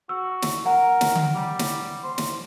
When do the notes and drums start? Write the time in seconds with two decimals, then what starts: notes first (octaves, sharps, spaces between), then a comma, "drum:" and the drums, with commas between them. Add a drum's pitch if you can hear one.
0.09 F#4 E6
0.42 drum: snare
0.66 A#4 F#5
1.01 drum: snare
1.15 drum: tom D3
1.35 G3
1.59 drum: snare
2.03 C5
2.18 drum: snare